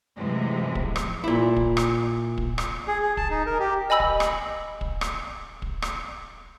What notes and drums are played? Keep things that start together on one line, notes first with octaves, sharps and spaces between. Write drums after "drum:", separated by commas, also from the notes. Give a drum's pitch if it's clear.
F#2 A2 C3 E3 F3 G#3
drum: kick
drum: rim click
A#2 E4
drum: kick
drum: rim click
drum: kick
drum: rim click
G#4
G#4
A5, drum: kick
D#4
A#4
G4
D#5 G#5 B5 E6 F#7
drum: kick
drum: rim click
drum: kick
drum: rim click
drum: kick
drum: rim click